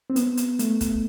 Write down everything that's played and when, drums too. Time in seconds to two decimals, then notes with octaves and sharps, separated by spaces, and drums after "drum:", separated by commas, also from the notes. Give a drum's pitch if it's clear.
0.10 C4
0.16 B3, drum: hi-hat
0.37 drum: hi-hat
0.59 A3, drum: hi-hat
0.81 drum: kick, hi-hat